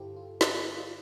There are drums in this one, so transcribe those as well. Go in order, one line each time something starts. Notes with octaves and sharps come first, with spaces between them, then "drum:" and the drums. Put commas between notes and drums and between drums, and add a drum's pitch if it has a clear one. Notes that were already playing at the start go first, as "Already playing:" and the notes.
Already playing: G2 D3 E4 F4 G4 A4 C5 E5
F4
E4, drum: snare
E4
F4